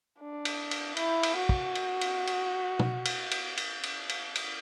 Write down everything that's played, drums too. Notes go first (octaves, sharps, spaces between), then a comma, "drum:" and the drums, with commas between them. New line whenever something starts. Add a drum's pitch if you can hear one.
D4
drum: cymbal
drum: cymbal
E4, drum: cymbal
drum: cymbal
F#4
drum: kick
drum: cymbal
drum: cymbal
drum: cymbal
drum: tom
drum: cymbal
drum: cymbal
drum: cymbal
drum: cymbal
drum: cymbal
drum: cymbal